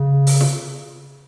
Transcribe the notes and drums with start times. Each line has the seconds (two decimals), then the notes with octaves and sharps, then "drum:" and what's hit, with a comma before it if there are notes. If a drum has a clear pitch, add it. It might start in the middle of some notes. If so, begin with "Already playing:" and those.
Already playing: C#3
0.27 drum: open hi-hat
0.41 drum: snare